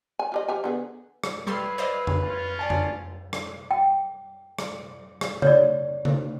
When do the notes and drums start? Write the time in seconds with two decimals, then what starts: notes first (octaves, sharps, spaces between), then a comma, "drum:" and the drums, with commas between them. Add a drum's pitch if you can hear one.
0.19 G#5
0.32 F4 G4 D#5
0.48 F3 G4 G#5
0.64 D3 B3 G#4
1.24 drum: rim click
1.47 G3 E4 G#4 A4 B4 F5 C6
1.78 C5 D5 D#5
2.07 drum: tom F2
2.23 C#4 F4
2.59 D5 G#5 A5
2.70 drum: tom F2
3.33 drum: rim click
3.71 G5
4.59 drum: rim click
5.21 drum: rim click
5.42 C#5 D5, drum: tom C#3
6.05 drum: tom C#3